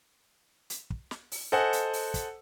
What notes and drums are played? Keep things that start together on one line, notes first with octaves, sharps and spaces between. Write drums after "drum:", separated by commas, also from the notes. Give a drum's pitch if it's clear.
drum: hi-hat
drum: kick
drum: snare
drum: open hi-hat
A4 C5 D#5 F#5 G#5
drum: hi-hat
drum: open hi-hat
drum: kick, hi-hat